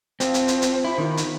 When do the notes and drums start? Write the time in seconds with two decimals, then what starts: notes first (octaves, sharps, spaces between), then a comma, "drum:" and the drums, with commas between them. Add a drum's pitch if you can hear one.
0.20 F3 C4, drum: hi-hat
0.34 drum: hi-hat
0.48 drum: hi-hat
0.62 drum: hi-hat
0.84 E4 G4 C5
0.98 D#3 B3
1.17 drum: hi-hat